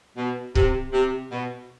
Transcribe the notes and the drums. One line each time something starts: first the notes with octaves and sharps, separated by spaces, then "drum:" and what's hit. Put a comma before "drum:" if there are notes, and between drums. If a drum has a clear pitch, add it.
B2
C3, drum: kick C#1
C3
B2